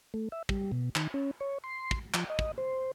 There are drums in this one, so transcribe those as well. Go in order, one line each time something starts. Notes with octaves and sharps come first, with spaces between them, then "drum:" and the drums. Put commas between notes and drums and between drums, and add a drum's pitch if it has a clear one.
A3
E5
G3, drum: kick
B2
D#3, drum: clap
C#4
C#5
C6
drum: kick
F3, drum: clap
D#5
drum: kick
C5